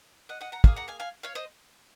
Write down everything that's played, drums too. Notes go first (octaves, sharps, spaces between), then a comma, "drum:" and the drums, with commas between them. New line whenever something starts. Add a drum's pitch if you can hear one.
D#5 F#5
D#5 F#5
F#5 A#5
A#3 F4 G#4 F5 G#5, drum: kick
F#5 A#5
F5 G#5
F5 G#5
C#5 F5
C5 D#5